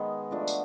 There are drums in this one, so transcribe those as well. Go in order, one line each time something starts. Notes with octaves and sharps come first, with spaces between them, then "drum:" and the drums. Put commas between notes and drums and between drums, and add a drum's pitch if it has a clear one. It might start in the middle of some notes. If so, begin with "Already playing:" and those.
Already playing: D#3 G#3 B3 D#4
F3 A3 D4 F#4
drum: tambourine